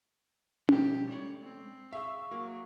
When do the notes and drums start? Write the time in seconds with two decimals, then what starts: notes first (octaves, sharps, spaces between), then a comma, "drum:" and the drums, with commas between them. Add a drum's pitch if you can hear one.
0.69 B2 F3 G3 G4, drum: tom C#4
1.09 G#3 A3 C#5 D5
1.43 C4
1.93 G#4 E5 F5 C#6 E6
2.31 F#3 A#3